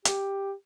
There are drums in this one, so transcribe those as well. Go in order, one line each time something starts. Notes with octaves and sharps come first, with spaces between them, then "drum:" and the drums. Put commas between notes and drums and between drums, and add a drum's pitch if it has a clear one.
G4, drum: hi-hat